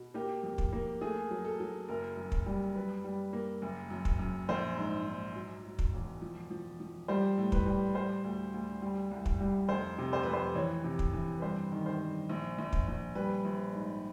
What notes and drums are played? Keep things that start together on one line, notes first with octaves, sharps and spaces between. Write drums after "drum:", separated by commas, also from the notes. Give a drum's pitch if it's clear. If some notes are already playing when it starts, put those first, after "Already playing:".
Already playing: B2
A#3 G4
F2
drum: kick
A#3
A3 G#4
F#3
A4
F#3
F#1 A#4
F#2
drum: kick
G3
F#2 B4
G3
A#3
F#1
F#2
drum: kick
F#2
A#1 C5
G#2
G#2
F#3
F#3
drum: kick
E1
F3
F3
F3
G3 C5
A2
B4, drum: kick
G3
G3 C5
D2
D2
G3
C2
drum: kick
G3
F1 C5
C3
C5
F2 B4
C5
E3 C#5
C3
drum: kick
E3
B4
G2 C5
D#3
C5
G2
A#1
A#1
drum: kick
A#1
G3 B4
A#1
G#2